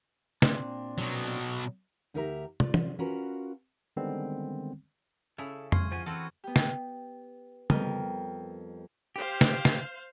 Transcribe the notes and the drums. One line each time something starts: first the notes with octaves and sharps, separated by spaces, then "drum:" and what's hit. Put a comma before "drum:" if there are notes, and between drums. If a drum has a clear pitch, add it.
A#2 C4 D4, drum: snare
B2 F#3
D2 D#4 G4 A#4 E5 A#5
F4 D5, drum: tom
drum: tom
C#4 F4 F#4 A#4 B4 A#5
D3 D#3 G3 G#3 B3 C4
C#3 E4 A4
G#3 C6 C#6 F6 G#6, drum: tom F2
F3 C5 F#5 G#5 C#6
E3 C4 F#4 A4 B4
B3 G4
drum: snare
F2 G3 B3 A#4 D#5 F6, drum: tom
G4 C5 F5
drum: snare
drum: snare